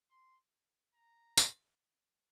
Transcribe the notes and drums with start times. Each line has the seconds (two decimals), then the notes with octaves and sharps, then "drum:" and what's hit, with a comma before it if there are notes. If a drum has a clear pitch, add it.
0.11 C6
0.95 A#5
1.37 drum: tambourine